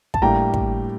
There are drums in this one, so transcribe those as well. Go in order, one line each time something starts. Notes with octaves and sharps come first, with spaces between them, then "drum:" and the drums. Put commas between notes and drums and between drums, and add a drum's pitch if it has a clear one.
A5, drum: kick
A2 G3 A#3 D4 G5 A#5
drum: kick